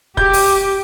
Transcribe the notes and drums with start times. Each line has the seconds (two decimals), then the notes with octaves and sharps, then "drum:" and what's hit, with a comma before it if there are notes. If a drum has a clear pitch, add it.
0.17 G4 G6, drum: kick
0.33 drum: open hi-hat